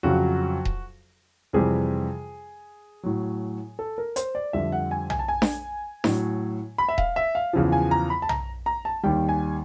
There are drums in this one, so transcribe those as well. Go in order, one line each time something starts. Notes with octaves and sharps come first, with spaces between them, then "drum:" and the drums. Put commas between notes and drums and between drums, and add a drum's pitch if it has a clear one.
F2 C#3 F#3 F#4
drum: kick D#1
F2 C3 E3 G3 G#4
A2 F#3
A4
A#4
C5, drum: hi-hat
D5
F2 D3 G3 E5
F#5
G#5
G#5, drum: tom B1
A5
G#5
drum: snare D4
A2 F#3, drum: snare D4
B5
E5
F5, drum: kick D#1
E5
F5
E2 C#3 F3
G#5
A#5
B5
A5
A#5, drum: tom B1
A#5
A5
D#2 D#3 G3 G5
G#5